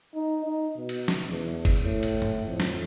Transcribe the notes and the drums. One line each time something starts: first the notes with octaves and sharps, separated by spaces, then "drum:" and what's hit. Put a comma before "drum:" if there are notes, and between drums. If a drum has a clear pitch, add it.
D#4
D#4
B2
drum: cymbal
drum: snare
E2
drum: kick F#1, cymbal
A2
drum: cymbal
drum: tom G2
F2
drum: snare